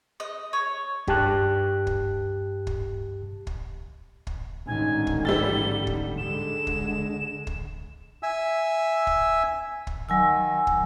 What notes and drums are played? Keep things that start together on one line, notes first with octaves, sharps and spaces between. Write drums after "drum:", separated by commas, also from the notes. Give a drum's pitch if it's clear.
D#5
C#5
G2 G4 A5 F#6, drum: kick
drum: kick
drum: kick
drum: kick
drum: kick
A1 G#2 D3 D#3 G#5
drum: kick
G3 E6 A6 G7
drum: kick
D3 G#3 E7
drum: kick
drum: kick
E5 G#5 E6
drum: kick
drum: kick
D#3 F#3 G#5 E6
drum: kick